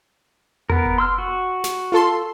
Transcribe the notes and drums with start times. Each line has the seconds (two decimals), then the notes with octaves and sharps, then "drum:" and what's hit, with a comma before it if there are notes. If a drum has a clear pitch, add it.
0.70 B3 A#4, drum: tom E2
0.85 drum: kick F#1
0.98 C6 E6 F6
1.18 F#4
1.64 drum: snare
1.92 F4 A4 C6